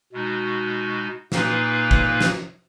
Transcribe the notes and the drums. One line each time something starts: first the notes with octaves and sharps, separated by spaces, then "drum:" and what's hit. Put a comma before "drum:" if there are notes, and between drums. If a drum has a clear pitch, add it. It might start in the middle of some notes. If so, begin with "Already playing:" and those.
B2 G#3 D#4 F#4
A#2 A#3 D#4 G#4 B4, drum: snare
drum: kick
drum: snare